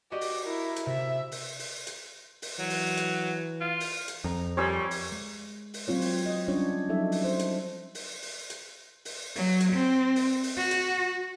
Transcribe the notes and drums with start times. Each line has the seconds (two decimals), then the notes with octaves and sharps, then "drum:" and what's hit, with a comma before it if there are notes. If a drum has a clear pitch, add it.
0.12 F#4 G4 D5 D#5
0.21 drum: open hi-hat
0.45 E4 A#4
0.76 drum: hi-hat
0.86 C3 E5
1.32 drum: open hi-hat
1.59 drum: open hi-hat
1.87 drum: hi-hat
2.42 drum: open hi-hat
2.59 E3 F#3
2.70 drum: open hi-hat
2.97 drum: hi-hat
3.61 F4
3.80 drum: open hi-hat
4.08 drum: hi-hat
4.24 F2 A#5
4.57 A#2 G3 C#5 G#5 E6
4.91 drum: open hi-hat
5.12 G#3
5.74 drum: open hi-hat
5.88 F#3 C4 F4 C#5
6.01 drum: open hi-hat
6.26 D#5
6.48 G3 C#4 D4 F4 C#5
6.88 F3 F#3 D#4 A4 E5
7.12 drum: open hi-hat
7.24 C5
7.39 drum: hi-hat
7.95 drum: open hi-hat
8.22 drum: open hi-hat
8.50 drum: hi-hat
9.05 drum: open hi-hat
9.36 F#3, drum: open hi-hat
9.60 drum: hi-hat
9.73 C4
10.16 drum: open hi-hat
10.43 drum: open hi-hat
10.57 F#4
10.71 drum: hi-hat